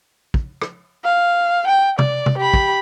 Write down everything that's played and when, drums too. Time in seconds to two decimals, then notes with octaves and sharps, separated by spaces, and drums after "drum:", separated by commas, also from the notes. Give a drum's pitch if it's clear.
0.34 drum: kick
0.62 drum: rim click
1.04 F5
1.67 G5
1.99 D5, drum: tom
2.26 drum: tom
2.38 G4 B5
2.54 drum: kick